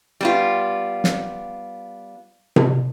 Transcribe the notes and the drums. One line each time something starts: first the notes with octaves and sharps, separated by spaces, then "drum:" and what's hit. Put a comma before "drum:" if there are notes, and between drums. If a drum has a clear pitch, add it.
G3 B3 F4
drum: snare
drum: tom C3